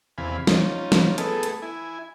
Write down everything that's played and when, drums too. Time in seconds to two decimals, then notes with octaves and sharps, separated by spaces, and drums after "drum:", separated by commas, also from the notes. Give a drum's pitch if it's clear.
0.18 E2 C3 F5 G#5 B5
0.47 C#4 D#4 F4, drum: snare
0.92 drum: snare
1.18 A3 B3 G#4 A4, drum: hi-hat
1.43 drum: hi-hat
1.62 E4 G#5